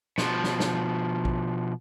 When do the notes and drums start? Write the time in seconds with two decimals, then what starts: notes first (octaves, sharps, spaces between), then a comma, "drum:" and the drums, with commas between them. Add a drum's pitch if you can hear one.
0.18 B2 F3, drum: snare
0.44 drum: snare
0.60 drum: snare
1.25 drum: kick A#1